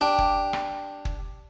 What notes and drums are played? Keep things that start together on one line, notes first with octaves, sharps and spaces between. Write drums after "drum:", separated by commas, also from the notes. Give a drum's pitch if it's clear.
D4 G4
drum: kick
drum: rim click
drum: kick